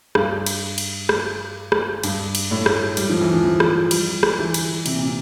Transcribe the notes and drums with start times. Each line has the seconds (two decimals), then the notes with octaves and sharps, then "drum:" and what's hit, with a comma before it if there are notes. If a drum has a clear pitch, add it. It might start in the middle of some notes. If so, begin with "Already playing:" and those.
0.15 G2, drum: rim click
0.46 drum: cymbal
0.78 drum: cymbal
1.09 drum: rim click
1.72 drum: rim click
2.04 G2, drum: cymbal
2.35 drum: cymbal
2.51 A2
2.66 drum: rim click
2.97 G3, drum: cymbal
3.10 F3
3.21 E3
3.33 F3
3.44 F3
3.60 drum: rim click
3.91 G3, drum: cymbal
4.23 drum: rim click
4.39 E3
4.54 drum: cymbal
4.86 C3, drum: cymbal
4.95 A#2
5.06 C3